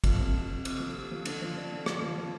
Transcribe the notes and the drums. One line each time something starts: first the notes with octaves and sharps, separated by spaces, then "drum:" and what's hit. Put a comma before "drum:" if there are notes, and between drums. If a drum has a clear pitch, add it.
F3, drum: kick, cymbal
C3
C3
C3
C4, drum: cymbal
F3
G4
F3
D3, drum: cymbal
F3
D4
D3
F3, drum: rim click
F3
F3